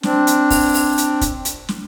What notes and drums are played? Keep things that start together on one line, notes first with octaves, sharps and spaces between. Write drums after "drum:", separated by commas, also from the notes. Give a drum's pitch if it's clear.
C4 D4, drum: snare
drum: hi-hat
drum: kick, open hi-hat
drum: open hi-hat
drum: hi-hat
drum: kick, hi-hat
drum: hi-hat
drum: snare